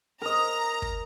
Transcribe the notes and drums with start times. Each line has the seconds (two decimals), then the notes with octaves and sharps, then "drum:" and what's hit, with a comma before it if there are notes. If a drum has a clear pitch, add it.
0.22 A#4 D#5 A#5
0.82 drum: kick